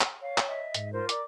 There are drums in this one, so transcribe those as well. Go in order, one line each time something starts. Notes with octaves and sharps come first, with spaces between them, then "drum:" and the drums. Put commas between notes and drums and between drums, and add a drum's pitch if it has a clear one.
drum: clap
C#5 F5
drum: clap
D#5 E5
G#2, drum: hi-hat
F4 A#4 C5
A#4 D5 D6, drum: hi-hat